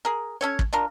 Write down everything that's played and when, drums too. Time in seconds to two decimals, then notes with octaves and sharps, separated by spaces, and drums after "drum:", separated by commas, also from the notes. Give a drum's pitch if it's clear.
0.05 G#4 A#4
0.41 C#4 A4 C#5
0.59 drum: kick
0.73 D4 F4 A#4